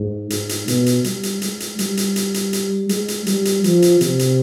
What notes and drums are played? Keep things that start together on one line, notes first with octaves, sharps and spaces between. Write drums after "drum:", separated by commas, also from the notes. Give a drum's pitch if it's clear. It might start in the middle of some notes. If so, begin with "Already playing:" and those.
Already playing: G#2
G#2, drum: hi-hat
drum: hi-hat
B2, drum: hi-hat
drum: hi-hat
G3, drum: hi-hat
drum: hi-hat
G#3, drum: hi-hat
drum: hi-hat
G3, drum: hi-hat
drum: hi-hat
drum: hi-hat
drum: hi-hat
drum: hi-hat
G#3, drum: hi-hat
drum: hi-hat
G3, drum: hi-hat
drum: hi-hat
F3, drum: hi-hat
drum: hi-hat
C3, drum: hi-hat
drum: hi-hat